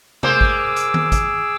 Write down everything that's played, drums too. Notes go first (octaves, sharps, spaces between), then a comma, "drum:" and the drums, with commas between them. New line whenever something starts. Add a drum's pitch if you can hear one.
A#3 G#4 C5 D6 E6, drum: tom C3
drum: kick
drum: hi-hat
drum: tom D#3
drum: kick, hi-hat